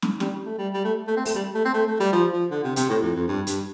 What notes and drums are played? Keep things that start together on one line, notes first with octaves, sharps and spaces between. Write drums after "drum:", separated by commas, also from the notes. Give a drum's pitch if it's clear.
drum: snare
G3, drum: snare
A3
G3
G3
A3
A3
C4
A3, drum: open hi-hat
G3
A3
C4
A3
A3
G3
F3
F3
D3
C3
C3, drum: hi-hat
A2
F2
F2
G2
G2, drum: hi-hat